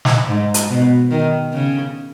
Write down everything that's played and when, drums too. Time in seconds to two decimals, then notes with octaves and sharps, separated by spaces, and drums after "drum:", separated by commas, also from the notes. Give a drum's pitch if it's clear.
0.05 drum: snare
0.28 G#2
0.54 drum: hi-hat
0.70 B2
1.11 D#3
1.53 C#3